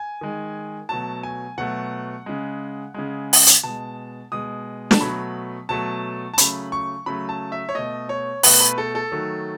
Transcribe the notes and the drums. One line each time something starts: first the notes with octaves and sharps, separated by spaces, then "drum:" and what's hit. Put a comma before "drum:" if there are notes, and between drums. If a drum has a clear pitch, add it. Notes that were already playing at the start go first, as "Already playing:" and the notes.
Already playing: G#5
D#3 G#3
B2 F#3 A3 A5
G#5
B2 F#3 A3 F#5
C#3 G#3
C#3 G#3
drum: open hi-hat
drum: hi-hat
B2 G#3 A5
B2 G#3 D#6
A5, drum: snare
B2 F#3 A3 B5
B2 F#3 A3 A5
A5
C#3 F#3 A3 B5, drum: hi-hat
C#6
C#3 F#3 A3 B5
A5
E5
C#5
B2 A3 D#5
C#5
B2 A3 B4, drum: open hi-hat
B4
A4
A4
D#3 F#3 A3